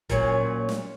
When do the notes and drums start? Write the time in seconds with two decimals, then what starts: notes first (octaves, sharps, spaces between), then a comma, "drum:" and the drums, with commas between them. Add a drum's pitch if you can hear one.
0.09 A#2 F#3 C#4, drum: kick F1, hi-hat
0.69 drum: snare